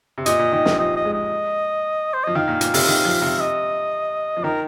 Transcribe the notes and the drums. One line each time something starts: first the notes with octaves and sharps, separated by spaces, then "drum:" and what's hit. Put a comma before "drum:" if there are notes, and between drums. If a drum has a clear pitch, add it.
C3
A#2 D#5, drum: hi-hat
A#2
D#3
C3, drum: snare
F3 D#5
D#5
G#3
D#5
C5
F3 D#5
D#3 F5
A#2
A#2, drum: hi-hat
C3, drum: open hi-hat
D#3
F3
C3
D#5
F3
D#3 A#4